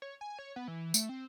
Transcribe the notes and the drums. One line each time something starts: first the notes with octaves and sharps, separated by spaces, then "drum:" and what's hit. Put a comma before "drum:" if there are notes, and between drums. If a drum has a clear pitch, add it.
C#5
G#5
C#5
B3
E3
A3, drum: tambourine
C4